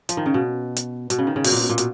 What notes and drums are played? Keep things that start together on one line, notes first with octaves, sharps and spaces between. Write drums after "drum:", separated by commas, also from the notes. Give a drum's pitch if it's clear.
F3, drum: hi-hat
D#3
C#3
B2
drum: hi-hat
B2, drum: hi-hat
C#3
D#3
C#3
B2, drum: open hi-hat
A#2
B2
A#2
B2, drum: hi-hat